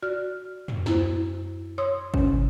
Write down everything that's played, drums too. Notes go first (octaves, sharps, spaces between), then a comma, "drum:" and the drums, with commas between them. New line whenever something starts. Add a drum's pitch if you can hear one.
F#4 D5 F6
drum: tom
F#2 E4 C5, drum: snare
C#5 C6 D#6 E6
E2 C3 C#4, drum: kick